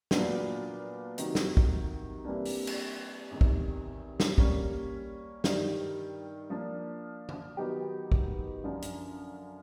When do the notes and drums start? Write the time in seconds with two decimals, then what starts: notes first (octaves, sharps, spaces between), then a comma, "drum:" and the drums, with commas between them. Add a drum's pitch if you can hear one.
0.11 A#2 F#3 B3 D4 F4, drum: snare
1.18 C3 D#3 F#3, drum: hi-hat
1.35 drum: snare
1.57 drum: kick
2.25 C3 E3 G3 A#3 D4
2.45 drum: open hi-hat
2.67 drum: cymbal
3.31 E2 C3 D#3
3.41 drum: kick
4.20 drum: snare
4.38 G3 A#3 C#4, drum: kick
5.44 G2 D#3 G3, drum: snare
6.50 F3 A#3 D4
7.29 drum: tom E3
7.57 D#3 F#3 B3 D#4 G4
8.12 drum: kick
8.64 F#2 D3 F3
8.82 drum: hi-hat